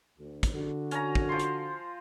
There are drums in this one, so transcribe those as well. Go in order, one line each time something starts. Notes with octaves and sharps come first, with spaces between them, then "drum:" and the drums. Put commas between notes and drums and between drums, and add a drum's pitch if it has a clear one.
D2
drum: kick, hi-hat
D3 F#4
C#4 A#5, drum: hi-hat
drum: kick
F3 C6
drum: hi-hat